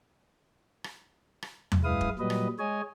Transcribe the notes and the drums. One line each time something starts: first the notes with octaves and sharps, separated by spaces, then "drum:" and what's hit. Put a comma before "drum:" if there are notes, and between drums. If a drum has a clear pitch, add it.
drum: rim click
drum: rim click
drum: tom E2
F#2 G#3 E4 B4 F5 D#6
drum: kick
A#2 F#3 G3 B4 D#5
drum: rim click
G#3 C#5 D#5 G#5